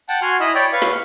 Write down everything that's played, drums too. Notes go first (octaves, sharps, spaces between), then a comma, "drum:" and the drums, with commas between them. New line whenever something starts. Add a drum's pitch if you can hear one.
F#5 G5 A5, drum: tambourine
F#4 G#5 C6 F6
E4 D#5 B5 E6
C#5 D5 G5 B5
B4 F5 C#6
drum: snare